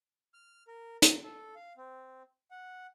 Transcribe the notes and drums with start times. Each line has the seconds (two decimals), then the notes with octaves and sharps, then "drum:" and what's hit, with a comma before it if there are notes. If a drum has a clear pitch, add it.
0.34 F6
0.68 A#4
1.02 A#5, drum: hi-hat
1.24 A4
1.56 F5
1.77 C4
2.51 F#5